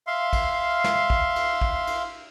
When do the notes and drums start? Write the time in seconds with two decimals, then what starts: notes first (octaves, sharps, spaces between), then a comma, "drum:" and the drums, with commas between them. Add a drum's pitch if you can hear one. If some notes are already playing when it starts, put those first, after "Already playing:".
0.07 E5 F5 C6
0.33 drum: kick, cymbal
0.84 drum: snare
1.10 drum: kick
1.36 drum: cymbal
1.61 drum: kick
1.87 drum: cymbal